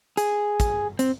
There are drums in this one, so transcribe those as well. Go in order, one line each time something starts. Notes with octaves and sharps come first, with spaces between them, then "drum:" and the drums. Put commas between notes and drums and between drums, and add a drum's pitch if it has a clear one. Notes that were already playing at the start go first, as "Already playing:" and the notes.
G#4, drum: hi-hat
drum: kick, hi-hat
C4, drum: hi-hat